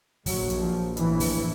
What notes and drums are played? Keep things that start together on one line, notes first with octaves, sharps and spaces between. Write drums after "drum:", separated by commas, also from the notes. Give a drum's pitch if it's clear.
A#1 A#2 F#3, drum: kick, open hi-hat
drum: hi-hat
F3
A#1 A2 E3, drum: hi-hat
drum: kick, open hi-hat